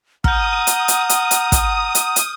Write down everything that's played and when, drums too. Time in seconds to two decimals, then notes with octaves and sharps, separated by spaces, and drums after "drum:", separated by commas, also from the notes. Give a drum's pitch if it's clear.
0.24 F#5 A#5 D#6 F6 G6, drum: kick
0.67 drum: hi-hat
0.88 drum: hi-hat
1.09 drum: hi-hat
1.31 drum: hi-hat
1.52 drum: kick, hi-hat
1.95 drum: hi-hat
2.16 drum: hi-hat